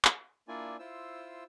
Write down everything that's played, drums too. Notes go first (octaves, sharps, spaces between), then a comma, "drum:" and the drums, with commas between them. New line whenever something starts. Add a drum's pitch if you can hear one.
drum: clap
A#3 D4 E4 F4 D5 G#5
E4 F4 C5 E6